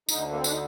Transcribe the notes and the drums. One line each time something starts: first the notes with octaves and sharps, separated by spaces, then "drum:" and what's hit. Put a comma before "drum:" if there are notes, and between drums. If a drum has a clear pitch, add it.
D2 D3 D#4, drum: tambourine
A#3
C4
D4, drum: tambourine
D#4